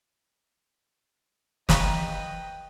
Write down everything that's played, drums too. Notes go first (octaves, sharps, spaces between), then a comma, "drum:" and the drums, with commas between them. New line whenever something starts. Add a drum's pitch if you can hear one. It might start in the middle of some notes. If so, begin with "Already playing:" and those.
B4 D#5 F5 G5 A#5 B5, drum: snare